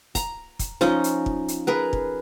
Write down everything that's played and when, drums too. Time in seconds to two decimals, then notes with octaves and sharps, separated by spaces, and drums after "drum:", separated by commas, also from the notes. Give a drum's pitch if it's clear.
0.15 A#5, drum: kick, hi-hat
0.59 drum: kick, hi-hat
0.81 F3 C#4 D#4 D#5, drum: snare
1.04 drum: hi-hat
1.26 drum: kick
1.48 drum: hi-hat
1.67 G#4 A#4 B4
1.93 drum: kick